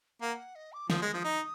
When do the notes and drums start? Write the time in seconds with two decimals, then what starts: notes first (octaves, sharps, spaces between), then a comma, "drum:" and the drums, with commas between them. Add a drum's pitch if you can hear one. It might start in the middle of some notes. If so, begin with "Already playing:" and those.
0.21 A#3 F#5
0.55 D#5
0.73 D6
0.90 F3 D#6, drum: snare
1.02 G#3
1.14 F3
1.24 D#4